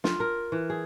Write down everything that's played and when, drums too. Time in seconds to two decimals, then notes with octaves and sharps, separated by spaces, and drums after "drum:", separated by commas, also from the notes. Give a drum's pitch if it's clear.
0.04 F4, drum: snare
0.20 A#4
0.52 E3
0.70 G#4